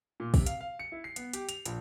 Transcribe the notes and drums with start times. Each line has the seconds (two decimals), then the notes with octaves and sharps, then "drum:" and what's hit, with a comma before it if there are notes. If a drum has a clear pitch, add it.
0.20 A#2
0.34 C3, drum: kick, open hi-hat
0.46 F5, drum: hi-hat
0.61 F5
0.79 C#7
0.92 E4
1.04 C7
1.16 B3, drum: hi-hat
1.33 G4, drum: hi-hat
1.49 F7, drum: hi-hat
1.66 A#1, drum: hi-hat